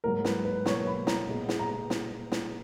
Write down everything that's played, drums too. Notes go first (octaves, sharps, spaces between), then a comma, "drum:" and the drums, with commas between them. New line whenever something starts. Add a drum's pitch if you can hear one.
G#2 F#3 A#3 A#4
B4, drum: snare
B4
B2 F#3 A#3 C#5, drum: snare
B5
A#5, drum: snare
A#2 G#3 B3
drum: snare
A#5
drum: snare
drum: snare